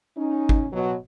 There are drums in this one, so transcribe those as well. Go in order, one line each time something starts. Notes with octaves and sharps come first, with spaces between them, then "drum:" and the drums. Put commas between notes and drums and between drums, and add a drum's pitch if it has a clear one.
C#4 D#4
drum: kick
B2 F#3